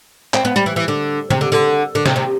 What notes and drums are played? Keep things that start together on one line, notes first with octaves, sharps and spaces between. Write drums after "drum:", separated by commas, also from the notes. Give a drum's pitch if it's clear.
C4, drum: clap
B3
G3
E3
E3
D3
C3, drum: tom C#3
D3
D3
D3
C3, drum: snare
C3